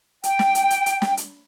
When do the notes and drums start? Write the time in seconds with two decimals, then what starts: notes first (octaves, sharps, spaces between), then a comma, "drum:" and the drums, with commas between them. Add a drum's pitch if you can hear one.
0.24 G5, drum: hi-hat
0.39 drum: snare
0.55 drum: hi-hat
0.70 drum: hi-hat
0.86 drum: hi-hat
1.02 drum: snare
1.17 drum: hi-hat